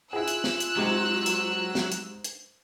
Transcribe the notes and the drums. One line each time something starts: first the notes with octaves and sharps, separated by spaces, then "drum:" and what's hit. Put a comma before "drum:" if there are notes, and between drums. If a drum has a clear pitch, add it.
E4 F4 G#4 E6 F#6
drum: hi-hat
drum: snare
drum: hi-hat
G#2 C3 F#3
drum: hi-hat
drum: snare
drum: hi-hat
drum: hi-hat